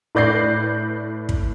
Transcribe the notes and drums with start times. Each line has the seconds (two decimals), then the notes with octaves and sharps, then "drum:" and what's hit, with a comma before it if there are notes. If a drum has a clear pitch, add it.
0.15 A2 B4 D5 G6 A#6 C7
1.29 drum: kick